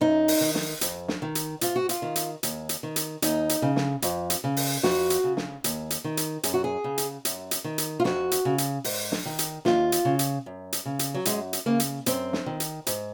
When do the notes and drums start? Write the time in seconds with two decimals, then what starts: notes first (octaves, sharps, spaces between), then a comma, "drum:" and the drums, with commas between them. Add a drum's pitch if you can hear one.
0.01 F#2 D#4
0.28 drum: open hi-hat
0.41 D#3
0.55 drum: snare
0.81 F2, drum: hi-hat
1.08 drum: snare
1.22 D#3
1.35 drum: hi-hat
1.61 G#2 F4, drum: hi-hat
1.76 F#4
1.89 F4, drum: hi-hat
2.02 D#3
2.16 drum: hi-hat
2.43 D#2, drum: hi-hat
2.69 drum: hi-hat
2.83 D#3
2.96 drum: hi-hat
3.22 D#2 D#4, drum: hi-hat
3.49 drum: hi-hat
3.62 C#3
3.76 drum: snare
4.02 F2, drum: hi-hat
4.30 drum: hi-hat
4.44 C#3
4.57 drum: open hi-hat
4.83 F2 F#4, drum: snare
5.10 drum: hi-hat
5.24 C#3
5.37 drum: snare
5.64 D#2, drum: hi-hat
5.90 drum: hi-hat
6.04 D#3
6.17 drum: hi-hat
6.43 F#2 G#4, drum: hi-hat
6.54 F#4
6.64 G#4
6.84 C#3
6.98 drum: hi-hat
7.25 F#2, drum: hi-hat
7.51 drum: hi-hat
7.64 D#3
7.78 drum: hi-hat
8.00 F4
8.04 F2 F#4, drum: snare
8.31 drum: hi-hat
8.45 C#3
8.58 drum: hi-hat
8.84 G#2, drum: open hi-hat
9.12 drum: snare
9.26 D#3
9.39 drum: hi-hat
9.65 D#2 F4, drum: snare
9.92 drum: hi-hat
10.05 C#3
10.19 drum: hi-hat
10.46 F#2
10.72 drum: hi-hat
10.85 C#3
10.99 drum: hi-hat
11.14 F#3
11.25 F#2 G#3, drum: hi-hat
11.53 drum: hi-hat
11.66 C#3 A#3
11.80 drum: hi-hat
12.06 F#2 C4, drum: hi-hat
12.33 drum: snare
12.46 D#3
12.60 drum: hi-hat
12.87 G#2, drum: hi-hat